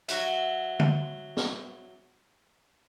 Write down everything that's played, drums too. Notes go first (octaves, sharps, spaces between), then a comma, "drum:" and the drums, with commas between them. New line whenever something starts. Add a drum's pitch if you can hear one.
F#3 F#4 E5, drum: hi-hat
drum: tom
drum: snare